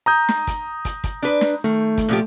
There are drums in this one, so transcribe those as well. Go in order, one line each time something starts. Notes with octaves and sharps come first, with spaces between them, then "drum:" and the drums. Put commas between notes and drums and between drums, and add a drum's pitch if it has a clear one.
A#5 D#6 G6
drum: snare
drum: kick, hi-hat
drum: kick, hi-hat
drum: kick, hi-hat
D4 B4, drum: hi-hat
drum: snare
D#3 A3
drum: kick, hi-hat
A#2 F3 G4